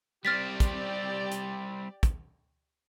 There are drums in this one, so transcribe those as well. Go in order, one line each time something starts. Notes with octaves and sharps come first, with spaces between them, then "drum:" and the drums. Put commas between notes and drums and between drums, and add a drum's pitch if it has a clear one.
G3 C4 G4 D5 F6 A6 B6
drum: kick, hi-hat
drum: hi-hat
drum: kick, hi-hat